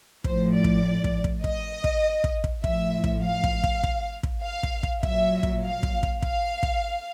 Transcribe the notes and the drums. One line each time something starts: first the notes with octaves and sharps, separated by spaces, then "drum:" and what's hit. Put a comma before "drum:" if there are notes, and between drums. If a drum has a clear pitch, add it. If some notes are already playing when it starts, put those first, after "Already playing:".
A2 F3 C5, drum: kick
D5
drum: kick
drum: kick
drum: kick
D#5, drum: kick
drum: kick
drum: kick
drum: kick
A2 F3 E5, drum: kick
drum: kick
F5
drum: kick
drum: kick
drum: kick
drum: kick
F5
drum: kick
drum: kick
A#2 F#3 E5, drum: kick
drum: kick
F5
drum: kick
drum: kick
F5, drum: kick
drum: kick